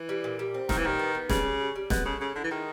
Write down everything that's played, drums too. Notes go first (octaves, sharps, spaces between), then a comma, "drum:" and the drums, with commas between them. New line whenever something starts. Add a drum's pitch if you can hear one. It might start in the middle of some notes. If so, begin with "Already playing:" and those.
Already playing: E3
G3
A#2
G3
C4
A#2 D#3, drum: snare
E3
D#3 G3
B3
B3
C#3 G3, drum: snare
G3
G3
G3
B2 G#3, drum: snare
C#3 A4
C#3 A4
D3 E4
E3
D#3 G#3